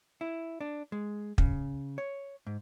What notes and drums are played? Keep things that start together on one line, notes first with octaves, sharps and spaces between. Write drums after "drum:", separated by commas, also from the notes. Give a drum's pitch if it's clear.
E4
D4
G#3
C#3, drum: kick
C#5
G#2